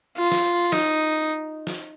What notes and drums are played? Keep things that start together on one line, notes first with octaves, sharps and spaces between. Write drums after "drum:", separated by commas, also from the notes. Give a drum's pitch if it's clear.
F4
drum: snare
D#4, drum: snare
drum: snare